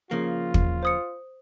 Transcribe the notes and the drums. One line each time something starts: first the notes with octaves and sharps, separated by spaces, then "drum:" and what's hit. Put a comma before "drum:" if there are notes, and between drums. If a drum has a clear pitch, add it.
C#3 F3 A#3 F4
drum: kick
C5 D#6 C#7